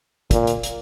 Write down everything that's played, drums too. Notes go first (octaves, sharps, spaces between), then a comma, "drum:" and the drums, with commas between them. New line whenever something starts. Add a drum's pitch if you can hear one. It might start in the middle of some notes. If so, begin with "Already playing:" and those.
A#2, drum: kick, hi-hat
drum: hi-hat
drum: hi-hat